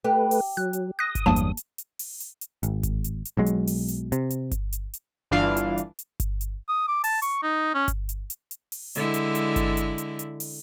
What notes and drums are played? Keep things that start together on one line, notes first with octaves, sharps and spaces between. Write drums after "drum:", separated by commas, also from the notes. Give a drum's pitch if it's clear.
A3 G4 B4
drum: open hi-hat
F#3 F#6
drum: hi-hat
D#6 F#6 A#6
drum: kick G1, hi-hat
E2 G2 F#3 A#3 A5
drum: hi-hat
drum: hi-hat
drum: hi-hat
drum: open hi-hat
drum: hi-hat
drum: hi-hat
G#1, drum: hi-hat
drum: kick G1, hi-hat
drum: hi-hat
drum: hi-hat
B1 F#3 G#3
drum: hi-hat
drum: open hi-hat
drum: hi-hat
C3, drum: hi-hat
drum: hi-hat
drum: kick G1, hi-hat
drum: hi-hat
drum: hi-hat
G1 G2 E3 D4 F4 F5
drum: hi-hat
drum: hi-hat
drum: hi-hat
drum: kick G1, hi-hat
drum: hi-hat
D#6
D6
A5, drum: open hi-hat
C#6, drum: hi-hat
D#4
C#4
drum: kick G1, hi-hat
drum: hi-hat
drum: hi-hat
drum: hi-hat
drum: open hi-hat
D3 G#3 E4, drum: hi-hat
drum: hi-hat
drum: hi-hat
drum: kick G1, hi-hat
drum: hi-hat
drum: hi-hat
drum: hi-hat
drum: open hi-hat